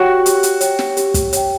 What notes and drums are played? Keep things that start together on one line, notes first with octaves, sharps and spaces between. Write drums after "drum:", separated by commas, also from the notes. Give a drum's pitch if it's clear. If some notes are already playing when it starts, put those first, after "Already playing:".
Already playing: F#4 G4 C#5 G5
G4, drum: hi-hat
drum: hi-hat
C#5 G5, drum: hi-hat
drum: snare
G4, drum: hi-hat
drum: kick, hi-hat
C#5 G5, drum: hi-hat